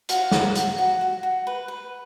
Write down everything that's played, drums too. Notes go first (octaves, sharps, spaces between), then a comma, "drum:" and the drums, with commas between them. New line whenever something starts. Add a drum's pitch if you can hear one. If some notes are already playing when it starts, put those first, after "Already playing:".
F#4 F5, drum: hi-hat
A#4, drum: snare
F#4, drum: hi-hat
F#4
F#4
F#4
B4
B4